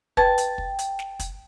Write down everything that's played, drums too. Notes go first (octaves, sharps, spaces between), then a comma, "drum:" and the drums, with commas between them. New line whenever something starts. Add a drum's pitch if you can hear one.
B4 G5 A5, drum: kick
drum: hi-hat
drum: kick
drum: hi-hat
drum: snare
drum: kick, hi-hat